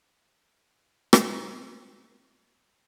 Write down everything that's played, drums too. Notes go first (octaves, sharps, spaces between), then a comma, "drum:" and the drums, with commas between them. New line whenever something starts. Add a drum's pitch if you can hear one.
G#2 E3 A#3 B3 G5 G#5
drum: rim click